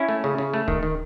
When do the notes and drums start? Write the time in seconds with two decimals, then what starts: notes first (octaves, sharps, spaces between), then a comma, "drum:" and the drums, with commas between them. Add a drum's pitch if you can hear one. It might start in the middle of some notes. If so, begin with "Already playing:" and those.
Already playing: C#4 E4
0.09 A3
0.24 C#3
0.38 C#3
0.54 A3
0.68 D#3, drum: kick D1
0.83 D#3